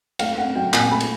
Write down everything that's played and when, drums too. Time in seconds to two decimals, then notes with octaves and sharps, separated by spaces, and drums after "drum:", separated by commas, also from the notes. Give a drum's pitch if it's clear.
0.19 A3 F5, drum: cymbal
0.37 C#4 F#5
0.56 F#3 G5
0.73 A#2 G#5, drum: clap
0.91 A3 B5
1.00 drum: cymbal